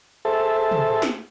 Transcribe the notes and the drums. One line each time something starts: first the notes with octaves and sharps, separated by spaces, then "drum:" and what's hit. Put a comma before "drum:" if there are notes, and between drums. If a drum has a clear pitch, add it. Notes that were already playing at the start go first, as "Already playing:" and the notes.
G#4 A4 C5 E5 A5
drum: tom
drum: snare